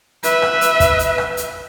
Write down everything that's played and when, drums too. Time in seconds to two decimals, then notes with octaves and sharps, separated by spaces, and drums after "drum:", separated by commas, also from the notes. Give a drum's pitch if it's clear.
0.23 B4 E5, drum: hi-hat
0.42 drum: rim click
0.61 drum: hi-hat
0.80 drum: kick, hi-hat
0.99 drum: hi-hat
1.18 drum: rim click
1.37 drum: hi-hat